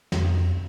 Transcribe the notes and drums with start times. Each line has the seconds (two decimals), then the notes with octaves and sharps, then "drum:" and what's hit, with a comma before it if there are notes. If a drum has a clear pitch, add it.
0.12 F2, drum: snare